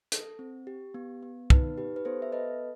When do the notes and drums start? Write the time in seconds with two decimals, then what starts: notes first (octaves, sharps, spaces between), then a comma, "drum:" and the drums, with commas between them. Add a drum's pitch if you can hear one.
0.12 A4, drum: hi-hat
0.39 C4
0.67 G4
0.94 B3
1.23 B3
1.50 D#4 B4, drum: kick
1.78 G4 B4
1.96 B4
2.05 B3 A4 C5
2.22 E5
2.32 A4 B4 D#5